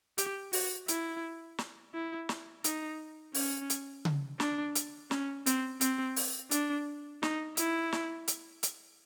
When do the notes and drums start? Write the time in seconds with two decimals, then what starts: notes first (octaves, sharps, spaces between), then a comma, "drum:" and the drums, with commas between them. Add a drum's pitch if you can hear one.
0.18 G4, drum: hi-hat
0.53 F#4, drum: open hi-hat
0.88 E4, drum: hi-hat
1.58 drum: snare
1.94 E4
2.29 drum: snare
2.64 D#4, drum: hi-hat
3.34 C#4, drum: open hi-hat
3.70 drum: hi-hat
4.05 drum: tom C#3
4.40 D4, drum: snare
4.75 drum: hi-hat
5.11 C#4, drum: snare
5.46 C4, drum: hi-hat
5.81 C4, drum: hi-hat
6.16 drum: open hi-hat
6.51 D4, drum: hi-hat
7.23 D#4, drum: snare
7.57 E4, drum: hi-hat
7.92 drum: snare
8.28 drum: hi-hat
8.63 drum: hi-hat